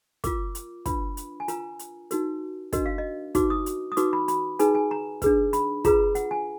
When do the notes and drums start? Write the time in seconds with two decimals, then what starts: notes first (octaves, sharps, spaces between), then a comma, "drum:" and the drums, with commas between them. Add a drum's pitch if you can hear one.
0.24 F4 A#4 D6, drum: kick, hi-hat
0.55 drum: hi-hat
0.86 D4 F4 B4 B5, drum: kick, hi-hat
1.17 drum: hi-hat
1.40 G#5
1.48 F4 A#4 A#5, drum: hi-hat
1.79 drum: hi-hat
2.11 D#4 F#4 A#4, drum: hi-hat
2.73 D4 F#4 A#4 D#5, drum: kick, hi-hat
2.86 F5
2.98 D#5
3.35 D#4 F#4 B4 D6, drum: kick, hi-hat
3.50 D#6
3.66 drum: hi-hat
3.92 D#6
3.97 D#4 F#4 B4 D6, drum: hi-hat
4.13 B5
4.28 B5, drum: hi-hat
4.59 D#4 G#4 B4 G#5, drum: hi-hat
4.75 G#5
4.91 A#5
5.22 D4 G#4 B4, drum: kick, hi-hat
5.53 B5, drum: hi-hat
5.85 F4 G#4 B4 A#5, drum: kick, hi-hat
6.15 F#5, drum: hi-hat
6.31 G#5